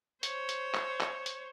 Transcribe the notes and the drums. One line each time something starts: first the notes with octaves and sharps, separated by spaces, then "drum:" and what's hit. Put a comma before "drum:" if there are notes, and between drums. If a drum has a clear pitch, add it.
C5 C#5, drum: hi-hat
drum: hi-hat
drum: clap
drum: clap
drum: hi-hat